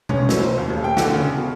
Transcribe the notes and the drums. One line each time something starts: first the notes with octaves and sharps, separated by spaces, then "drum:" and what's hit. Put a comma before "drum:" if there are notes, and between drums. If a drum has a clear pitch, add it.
C#4, drum: tom B2
F#3, drum: snare
C5
D#2
D#1
G5
D3, drum: snare
C#3
B2